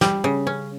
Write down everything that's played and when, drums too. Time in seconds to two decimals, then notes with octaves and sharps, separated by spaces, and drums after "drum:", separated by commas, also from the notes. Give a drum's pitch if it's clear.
0.01 G3, drum: snare
0.24 C#3
0.47 C#4